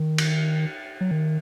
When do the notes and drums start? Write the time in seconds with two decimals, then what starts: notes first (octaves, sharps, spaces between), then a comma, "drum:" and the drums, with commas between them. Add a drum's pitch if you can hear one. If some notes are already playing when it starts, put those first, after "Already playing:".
Already playing: D#3
0.18 drum: cymbal
1.01 F#3
1.11 D#3